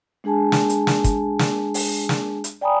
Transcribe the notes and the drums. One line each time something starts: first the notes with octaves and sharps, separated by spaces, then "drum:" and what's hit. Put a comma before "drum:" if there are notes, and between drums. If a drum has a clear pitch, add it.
G#3 D4 G#4 G#5 A5
drum: snare
drum: hi-hat
drum: snare
drum: kick, hi-hat
drum: snare
drum: open hi-hat
drum: snare
drum: hi-hat
D5 G5 G#5 A#5 B5 D#6